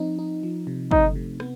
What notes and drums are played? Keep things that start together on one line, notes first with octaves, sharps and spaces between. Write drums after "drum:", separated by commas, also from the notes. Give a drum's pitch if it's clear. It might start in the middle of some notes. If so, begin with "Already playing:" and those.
Already playing: F3 C4 D#4
D#4
F3
C3
A3 D#4, drum: kick
C3
B3, drum: rim click